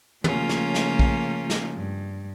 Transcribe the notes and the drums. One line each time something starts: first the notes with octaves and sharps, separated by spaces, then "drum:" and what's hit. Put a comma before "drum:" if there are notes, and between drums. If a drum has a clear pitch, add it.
C#3 F3 A3 A#3 C#4 F4, drum: tom
drum: snare
drum: snare
drum: kick A#1
drum: snare
G2